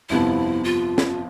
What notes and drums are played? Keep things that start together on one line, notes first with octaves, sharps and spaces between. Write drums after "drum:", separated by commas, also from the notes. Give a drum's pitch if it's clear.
G1 F2 C3 F3 B3 E4
F4
drum: snare